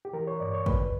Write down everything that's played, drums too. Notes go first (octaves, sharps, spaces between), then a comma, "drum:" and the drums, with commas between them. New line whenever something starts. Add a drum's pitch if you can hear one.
G4
E3 A#4
C#5
G2 D5
C#5
C#3 B4, drum: kick